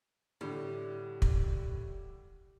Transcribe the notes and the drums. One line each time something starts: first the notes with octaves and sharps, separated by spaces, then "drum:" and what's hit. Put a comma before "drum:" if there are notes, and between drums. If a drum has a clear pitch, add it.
A2 D3 G3
drum: kick